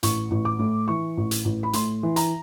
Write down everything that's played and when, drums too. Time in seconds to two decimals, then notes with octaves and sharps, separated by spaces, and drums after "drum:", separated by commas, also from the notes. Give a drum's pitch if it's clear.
0.03 A1 C#6, drum: hi-hat
0.31 A1
0.45 D6
0.59 A2
0.88 E3 C#6
1.17 A1
1.31 drum: hi-hat
1.45 A1
1.63 B5
1.73 A2 C6, drum: hi-hat
2.03 E3
2.16 A#5, drum: hi-hat